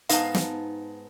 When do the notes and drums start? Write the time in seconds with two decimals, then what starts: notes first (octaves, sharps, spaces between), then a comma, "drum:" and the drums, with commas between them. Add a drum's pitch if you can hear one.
0.09 G#2 B3 D#4 F5 A5, drum: hi-hat
0.34 drum: snare